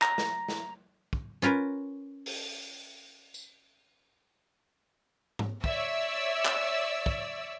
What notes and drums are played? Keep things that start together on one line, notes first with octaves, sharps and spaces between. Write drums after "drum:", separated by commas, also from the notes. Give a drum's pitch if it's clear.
A#5, drum: clap
drum: snare
drum: snare
drum: kick
C#4 F4 A#4 B4
drum: open hi-hat
drum: tambourine
drum: tom G#2
C#5 D5 E5 E6, drum: kick
drum: clap
drum: kick